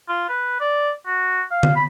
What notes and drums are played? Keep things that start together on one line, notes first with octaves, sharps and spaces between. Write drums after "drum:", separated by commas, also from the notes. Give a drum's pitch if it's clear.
F4
B4
D5
F#4
F5
drum: tom D3
B5